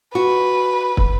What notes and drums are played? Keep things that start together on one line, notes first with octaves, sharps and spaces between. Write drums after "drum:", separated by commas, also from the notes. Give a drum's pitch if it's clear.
F#4 B4
drum: kick